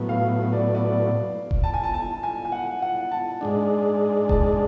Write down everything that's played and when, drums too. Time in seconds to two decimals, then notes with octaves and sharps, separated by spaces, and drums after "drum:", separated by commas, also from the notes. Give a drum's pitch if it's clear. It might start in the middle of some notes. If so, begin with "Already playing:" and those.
Already playing: A2 F#3 B3
0.09 F5
0.53 D5
0.75 D5
1.51 drum: kick E1
1.64 A5
1.74 G#5
1.84 A5
1.94 A5
2.23 G#5
2.45 G#5
2.52 F#5
2.82 F#5
3.12 A5
3.41 G#2 G#3 D4
4.29 A5, drum: kick E1